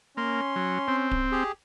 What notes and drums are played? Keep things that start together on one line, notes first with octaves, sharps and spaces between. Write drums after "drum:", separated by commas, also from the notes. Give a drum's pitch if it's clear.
A#3 C#4 C6
F#3
C4
drum: kick D1
G4 G#4